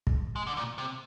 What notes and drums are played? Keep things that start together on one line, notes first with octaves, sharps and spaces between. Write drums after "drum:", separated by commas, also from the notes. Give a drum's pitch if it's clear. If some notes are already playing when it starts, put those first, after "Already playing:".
drum: kick
G#3
D3
A#2
C3